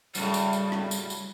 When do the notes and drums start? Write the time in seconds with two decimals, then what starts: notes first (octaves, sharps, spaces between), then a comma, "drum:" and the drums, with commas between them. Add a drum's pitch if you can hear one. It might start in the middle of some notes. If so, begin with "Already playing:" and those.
0.15 A2 C#3 F#3 G3, drum: tambourine
0.34 drum: tambourine
0.53 drum: tambourine
0.72 drum: rim click
0.91 drum: tambourine
1.10 drum: tambourine